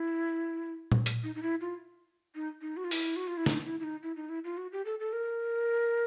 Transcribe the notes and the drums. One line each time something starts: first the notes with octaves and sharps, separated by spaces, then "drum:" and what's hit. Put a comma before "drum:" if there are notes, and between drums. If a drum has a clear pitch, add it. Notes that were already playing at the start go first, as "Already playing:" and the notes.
Already playing: E4
drum: tom A#2
drum: hi-hat
D#4
D#4
E4
F4
D#4
D#4
F#4
F4
E4, drum: open hi-hat
F#4
F4
E4
D#4, drum: snare
E4
E4
D#4
E4
D#4
E4
F4
F#4
G4
A4
A4
A#4